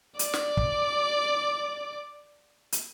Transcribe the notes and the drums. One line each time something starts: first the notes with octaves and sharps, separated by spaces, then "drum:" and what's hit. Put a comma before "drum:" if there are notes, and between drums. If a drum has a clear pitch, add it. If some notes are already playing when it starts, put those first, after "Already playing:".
D5 D6, drum: hi-hat
drum: snare
drum: kick
drum: hi-hat